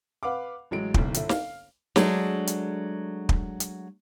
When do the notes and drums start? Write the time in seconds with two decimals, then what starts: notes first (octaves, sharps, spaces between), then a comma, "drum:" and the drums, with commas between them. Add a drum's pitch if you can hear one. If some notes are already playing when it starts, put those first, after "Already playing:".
0.23 B4 F5 F#5 D6
0.71 A1 F#3 G#3 D7
0.94 F#1 B1, drum: kick
1.14 G1 E5, drum: hi-hat
1.29 F5, drum: snare
1.96 F#3 G#3 A3 D4, drum: snare
2.47 drum: hi-hat
3.29 drum: kick
3.60 drum: hi-hat